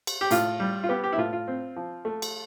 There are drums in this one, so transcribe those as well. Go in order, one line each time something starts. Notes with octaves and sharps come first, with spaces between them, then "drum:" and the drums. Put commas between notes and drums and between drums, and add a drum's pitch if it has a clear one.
drum: cymbal
G4
A2 F4, drum: hi-hat
G3
F4
B3 G4
G4
E4
A2 F4
F4
C4
F3
A3
drum: cymbal